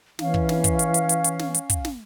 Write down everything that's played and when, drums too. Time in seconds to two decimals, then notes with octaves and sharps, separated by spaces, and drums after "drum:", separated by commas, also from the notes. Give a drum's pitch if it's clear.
0.19 E3 C#4 F5, drum: snare
0.34 drum: kick
0.49 drum: snare
0.64 drum: kick, hi-hat
0.79 drum: hi-hat
0.94 drum: hi-hat
1.09 drum: hi-hat
1.24 drum: hi-hat
1.39 drum: snare
1.54 drum: hi-hat
1.70 drum: kick, hi-hat
1.85 drum: snare